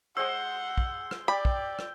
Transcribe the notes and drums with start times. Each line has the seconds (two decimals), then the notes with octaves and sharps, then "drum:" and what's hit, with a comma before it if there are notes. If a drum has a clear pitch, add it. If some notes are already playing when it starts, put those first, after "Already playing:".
0.17 G#3 C5 F#5 E6 G7
0.78 drum: kick
1.11 drum: rim click
1.28 G4 D5 B5
1.45 drum: kick
1.79 drum: rim click